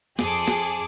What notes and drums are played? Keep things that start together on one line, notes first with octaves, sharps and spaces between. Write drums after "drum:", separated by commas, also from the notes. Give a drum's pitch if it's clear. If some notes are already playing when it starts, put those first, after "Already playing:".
F2 G#4 A4 C5 D6, drum: snare
drum: snare